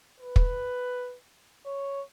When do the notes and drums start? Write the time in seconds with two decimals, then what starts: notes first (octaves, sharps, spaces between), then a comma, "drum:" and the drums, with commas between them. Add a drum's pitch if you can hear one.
0.20 B4
0.36 drum: kick
1.66 C#5